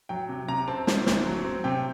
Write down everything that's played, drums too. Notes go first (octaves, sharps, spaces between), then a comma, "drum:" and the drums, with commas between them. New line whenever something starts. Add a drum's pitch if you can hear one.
F#3 G5
C3
C3 A#5
C4 A5
C4, drum: snare
D2, drum: snare
F#3
C4
C3 G5